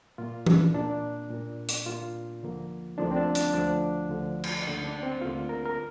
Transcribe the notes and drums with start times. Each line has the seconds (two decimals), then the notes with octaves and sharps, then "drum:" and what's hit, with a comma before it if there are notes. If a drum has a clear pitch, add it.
0.18 A#2 A#3 F4
0.46 D4, drum: tom
0.74 A#2 A#3 D4
1.31 A#2 A#3
1.69 drum: hi-hat
1.86 A#2 A#3 F4
2.42 D2 D3 F3 A#3
2.98 D2 D3 F3 A#3 D4
3.11 C4
3.16 D4
3.35 D4, drum: hi-hat
3.53 D2 D3 F3 D4
4.10 D2 D3 F3
4.44 drum: cymbal
4.66 D2 D3 A#3
4.84 D4
5.03 C4
5.21 D2 D3 A#3 F4
5.49 A#4
5.66 A#4